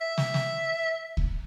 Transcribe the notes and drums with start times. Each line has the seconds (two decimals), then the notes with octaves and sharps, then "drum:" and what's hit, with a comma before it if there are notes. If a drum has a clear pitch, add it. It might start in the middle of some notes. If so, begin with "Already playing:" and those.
0.01 E5
0.18 drum: snare
0.34 drum: snare
1.17 drum: kick C#2